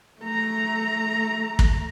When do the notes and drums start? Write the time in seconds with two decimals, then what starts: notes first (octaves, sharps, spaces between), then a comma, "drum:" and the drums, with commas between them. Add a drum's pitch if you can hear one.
0.21 A3 A#5
1.59 drum: kick